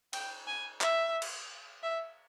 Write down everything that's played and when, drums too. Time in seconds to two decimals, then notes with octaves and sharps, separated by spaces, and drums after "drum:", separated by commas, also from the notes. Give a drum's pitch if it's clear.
0.13 G5, drum: cymbal
0.47 G#5
0.81 E5, drum: clap
1.22 drum: cymbal
1.83 E5